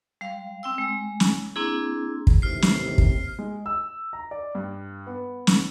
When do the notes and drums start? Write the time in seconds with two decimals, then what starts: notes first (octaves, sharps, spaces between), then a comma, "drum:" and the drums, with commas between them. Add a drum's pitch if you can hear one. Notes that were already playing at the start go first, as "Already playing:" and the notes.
0.21 G3 F5
0.63 C4 G5 E6
0.78 G#3
1.20 drum: snare
1.56 A#3 C4 D4 E4 G#4
2.27 drum: kick
2.42 A1 D#2 C3 F6 C7
2.62 drum: snare
2.98 drum: kick
3.39 G#3
3.66 E6
4.13 A#5
4.31 D5
4.55 G2
5.07 B3
5.47 drum: snare